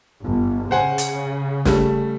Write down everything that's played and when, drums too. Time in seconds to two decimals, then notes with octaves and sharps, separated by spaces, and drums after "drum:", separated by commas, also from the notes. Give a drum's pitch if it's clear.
0.24 G1
0.71 C#3 C5 F#5 G#5
0.98 drum: hi-hat
1.65 G3 A3, drum: snare